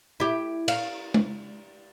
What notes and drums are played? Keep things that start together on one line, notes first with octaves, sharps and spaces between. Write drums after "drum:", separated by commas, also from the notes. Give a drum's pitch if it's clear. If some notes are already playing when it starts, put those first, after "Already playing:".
E4 G4
F5, drum: cymbal
drum: tom G#3